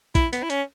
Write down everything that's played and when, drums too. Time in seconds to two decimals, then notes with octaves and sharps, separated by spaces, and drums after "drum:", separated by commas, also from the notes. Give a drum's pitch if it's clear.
0.15 E4, drum: kick A#1, hi-hat
0.33 B3, drum: hi-hat
0.43 E4
0.50 C#4, drum: hi-hat